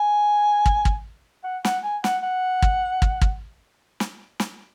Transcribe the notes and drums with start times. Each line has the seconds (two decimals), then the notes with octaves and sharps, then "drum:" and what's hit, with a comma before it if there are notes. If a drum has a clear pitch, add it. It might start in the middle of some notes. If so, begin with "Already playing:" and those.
Already playing: G#5
0.66 drum: kick
0.85 drum: kick
1.44 F#5
1.65 F#5, drum: snare
1.84 G#5
2.04 F#5, drum: snare
2.23 F#5
2.62 drum: kick
3.02 drum: kick
3.21 drum: kick
4.00 drum: snare
4.40 drum: snare